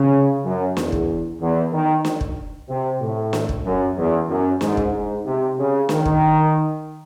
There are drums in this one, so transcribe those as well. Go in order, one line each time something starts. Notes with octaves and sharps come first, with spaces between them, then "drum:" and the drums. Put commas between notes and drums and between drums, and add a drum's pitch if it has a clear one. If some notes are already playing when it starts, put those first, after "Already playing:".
Already playing: C#3
F#2
E2, drum: snare
drum: kick
E2
D#3
drum: snare
drum: kick
C3
A2
drum: snare
drum: kick
F#2
E2
F#2
G#2, drum: snare
drum: kick
G#2
C3
C#3
D#3, drum: snare
drum: kick